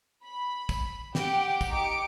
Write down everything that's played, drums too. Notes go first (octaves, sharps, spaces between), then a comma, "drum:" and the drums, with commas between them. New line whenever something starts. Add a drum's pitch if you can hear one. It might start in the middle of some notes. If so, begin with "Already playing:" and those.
B5
drum: kick, tambourine
G4 F#5 G5, drum: snare
drum: kick, tambourine
D#4 G4 D6 C#7 D7